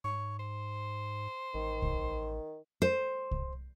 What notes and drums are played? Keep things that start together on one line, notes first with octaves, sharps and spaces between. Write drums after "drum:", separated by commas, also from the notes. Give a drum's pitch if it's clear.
G#2 C#5
C5
A1 D#3
drum: kick C2
C5
drum: kick C2